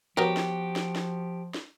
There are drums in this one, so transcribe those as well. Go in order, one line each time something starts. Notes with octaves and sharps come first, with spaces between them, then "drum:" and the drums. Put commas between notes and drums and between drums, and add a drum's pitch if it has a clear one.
F3 B3 F#4 G4 A#4 C#5
drum: snare
drum: snare
drum: snare
drum: snare